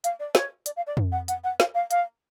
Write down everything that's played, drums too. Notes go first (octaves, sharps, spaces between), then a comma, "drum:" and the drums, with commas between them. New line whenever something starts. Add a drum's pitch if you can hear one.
F5, drum: hi-hat
D5
C#5, drum: snare
D5, drum: hi-hat
F5
D5
drum: tom F2
F#5
F#5, drum: hi-hat
F#5
F5, drum: snare
F5
F5, drum: hi-hat